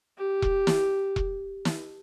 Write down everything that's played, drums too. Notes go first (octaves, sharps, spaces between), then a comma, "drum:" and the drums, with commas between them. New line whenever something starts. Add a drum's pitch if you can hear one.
G4
drum: kick E1
drum: snare
drum: kick E1
drum: snare